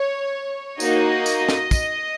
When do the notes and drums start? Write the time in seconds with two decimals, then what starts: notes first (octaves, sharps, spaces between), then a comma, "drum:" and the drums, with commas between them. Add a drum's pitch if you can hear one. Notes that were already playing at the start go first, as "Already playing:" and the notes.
Already playing: C#5
0.80 A#3 D#4 F#4 D#5, drum: tambourine
1.26 drum: tambourine
1.49 drum: snare
1.71 drum: kick, tambourine